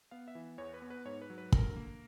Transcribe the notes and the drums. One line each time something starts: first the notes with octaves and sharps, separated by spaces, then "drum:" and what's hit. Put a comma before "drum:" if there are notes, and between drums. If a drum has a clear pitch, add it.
B3 F5
E5
E3
E2 C#5
B4
B3
B4
G#2 C#5
B4
F#3
B4
D3 A#4, drum: kick
A#3